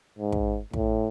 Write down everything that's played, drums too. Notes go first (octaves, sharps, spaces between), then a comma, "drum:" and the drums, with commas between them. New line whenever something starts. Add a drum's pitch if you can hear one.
G#2
drum: kick
A2, drum: kick